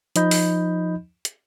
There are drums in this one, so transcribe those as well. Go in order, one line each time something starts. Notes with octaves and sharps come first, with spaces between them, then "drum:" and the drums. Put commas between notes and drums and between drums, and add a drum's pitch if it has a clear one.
F3 D#4 D#5 B5 G6, drum: hi-hat
drum: open hi-hat
drum: hi-hat